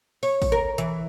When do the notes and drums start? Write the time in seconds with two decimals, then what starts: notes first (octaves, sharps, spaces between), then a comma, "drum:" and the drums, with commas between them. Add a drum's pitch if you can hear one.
0.23 C#5, drum: open hi-hat
0.42 drum: kick A1, open hi-hat
0.52 A#4
0.78 E3, drum: hi-hat